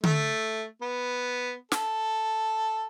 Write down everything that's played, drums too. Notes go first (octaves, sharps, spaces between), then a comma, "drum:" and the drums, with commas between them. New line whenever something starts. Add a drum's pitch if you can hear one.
A3, drum: tom D3
B3
A4, drum: snare